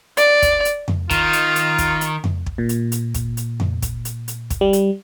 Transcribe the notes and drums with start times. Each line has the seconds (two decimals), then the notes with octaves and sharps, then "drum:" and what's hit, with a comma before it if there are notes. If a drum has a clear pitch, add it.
0.17 D5, drum: hi-hat
0.42 drum: kick, hi-hat
0.65 drum: hi-hat
0.88 drum: tom F2
1.10 D#3 F4, drum: kick, hi-hat
1.33 drum: hi-hat
1.56 drum: hi-hat
1.78 drum: kick, hi-hat
2.01 drum: hi-hat
2.24 drum: tom F2
2.46 drum: kick
2.58 A#2
2.69 drum: hi-hat
2.92 drum: hi-hat
3.14 drum: kick, hi-hat
3.37 drum: hi-hat
3.60 drum: tom F2
3.82 drum: kick, hi-hat
4.05 drum: hi-hat
4.28 drum: hi-hat
4.50 drum: kick, hi-hat
4.61 G3
4.73 drum: hi-hat